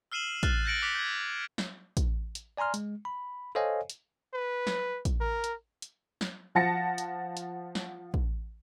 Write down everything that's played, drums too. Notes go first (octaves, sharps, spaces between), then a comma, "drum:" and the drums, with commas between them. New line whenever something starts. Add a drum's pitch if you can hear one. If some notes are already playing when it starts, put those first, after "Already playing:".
E6 F6 C7 D#7 E7 F#7
F6 F#6 A6, drum: kick, hi-hat
G6 A6 A#6 C#7 D7 F#7
D6 F#6 B6
G6 G#6
drum: snare
drum: kick, hi-hat
drum: hi-hat
D5 G#5 A#5 C6 F6
G#3, drum: hi-hat
B5
A4 C5 C#5 D#5 F5 G#5
drum: hi-hat
B4
drum: snare
drum: kick, hi-hat
A#4
drum: hi-hat
drum: hi-hat
drum: snare
F3 F#5 A5 A6 A#6 C#7
drum: hi-hat
drum: hi-hat
drum: snare
drum: kick